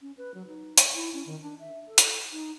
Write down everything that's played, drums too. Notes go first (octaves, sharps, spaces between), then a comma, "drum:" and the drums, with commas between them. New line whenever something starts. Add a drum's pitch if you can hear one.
C#4
B4
F#3
D#4
drum: hi-hat
E4
C#4
D#3
D4
E5
A4
drum: hi-hat
D#4